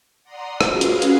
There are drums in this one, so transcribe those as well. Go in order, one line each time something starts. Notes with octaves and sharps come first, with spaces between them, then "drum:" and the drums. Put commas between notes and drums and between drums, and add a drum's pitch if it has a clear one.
D5 F#5 A#5 C6 D#6
C#4 F4 F#4 G#4 B4 F5, drum: rim click
drum: hi-hat
drum: hi-hat